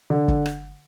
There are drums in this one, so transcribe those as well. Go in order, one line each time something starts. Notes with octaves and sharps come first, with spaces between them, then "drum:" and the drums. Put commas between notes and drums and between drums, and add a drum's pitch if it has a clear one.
D3
drum: kick G1
drum: rim click